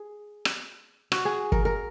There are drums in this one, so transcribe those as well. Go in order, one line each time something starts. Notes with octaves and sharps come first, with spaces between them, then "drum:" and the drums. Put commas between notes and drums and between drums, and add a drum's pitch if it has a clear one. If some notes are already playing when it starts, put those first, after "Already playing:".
Already playing: G#4
drum: rim click
F#4, drum: rim click
G#4
A#4, drum: kick
A#4